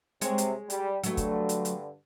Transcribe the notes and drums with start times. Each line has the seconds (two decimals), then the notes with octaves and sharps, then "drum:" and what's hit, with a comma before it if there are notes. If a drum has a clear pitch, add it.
0.21 C3 G#3 C#5, drum: hi-hat
0.38 drum: hi-hat
0.70 G3, drum: hi-hat
1.03 G2 D3 F#3 A3, drum: hi-hat
1.17 drum: kick, hi-hat
1.49 drum: hi-hat
1.65 drum: hi-hat